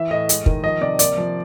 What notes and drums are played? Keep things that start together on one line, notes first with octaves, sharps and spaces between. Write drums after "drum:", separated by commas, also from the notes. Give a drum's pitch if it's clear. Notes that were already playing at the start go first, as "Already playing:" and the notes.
Already playing: E3 E5
A2 D#5
G#3, drum: hi-hat
D#3, drum: kick
F3 D#5
C3 D5
A#3 D5, drum: hi-hat
F3